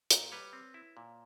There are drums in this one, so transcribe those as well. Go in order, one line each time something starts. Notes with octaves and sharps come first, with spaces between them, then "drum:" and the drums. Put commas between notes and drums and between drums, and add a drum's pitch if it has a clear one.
A#2, drum: hi-hat
G3 B4 C#5
C4
E4
A#2